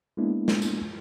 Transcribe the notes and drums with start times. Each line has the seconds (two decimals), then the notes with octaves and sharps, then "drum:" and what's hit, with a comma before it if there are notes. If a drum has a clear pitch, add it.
0.17 G#3 A#3 B3 D4 E4
0.48 drum: snare
0.62 drum: tambourine